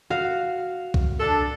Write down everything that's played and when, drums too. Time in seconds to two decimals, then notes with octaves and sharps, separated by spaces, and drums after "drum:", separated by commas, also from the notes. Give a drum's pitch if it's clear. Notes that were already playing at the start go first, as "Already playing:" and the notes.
0.10 F#4 F5
0.94 drum: kick B1
1.20 D4 A4